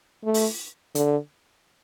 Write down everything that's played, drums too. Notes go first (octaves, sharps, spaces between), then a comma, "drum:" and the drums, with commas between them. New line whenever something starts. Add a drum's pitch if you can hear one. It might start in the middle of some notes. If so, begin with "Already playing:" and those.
A3
drum: open hi-hat
D3, drum: hi-hat